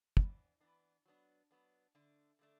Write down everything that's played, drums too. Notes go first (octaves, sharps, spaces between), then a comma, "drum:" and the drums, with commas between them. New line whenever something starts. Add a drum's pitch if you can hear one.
E3 B3 D4, drum: kick
E3 B3 D4
F#3 B3 D4
F#3 B3 D4
D3 A3 D4
D3 A3 D4